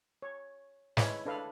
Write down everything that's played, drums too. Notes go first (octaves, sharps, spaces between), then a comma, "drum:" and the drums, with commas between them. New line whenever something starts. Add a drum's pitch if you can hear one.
C#5
G#3 E4 B4 C#5, drum: snare
D4 A4 B4 F5